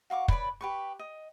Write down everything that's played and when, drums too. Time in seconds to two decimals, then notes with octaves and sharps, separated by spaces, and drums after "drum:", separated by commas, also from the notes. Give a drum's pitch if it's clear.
0.10 F#4 F5 C#6 D6
0.28 B4 C#5 D5 B5, drum: kick
0.61 G4 B4 C#6
0.99 D#5